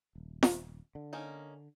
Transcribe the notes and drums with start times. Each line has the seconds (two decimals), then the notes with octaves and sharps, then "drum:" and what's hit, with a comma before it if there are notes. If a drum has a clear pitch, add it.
0.15 D#1
0.43 drum: snare
0.95 D3
1.13 A#3 C#4 D#4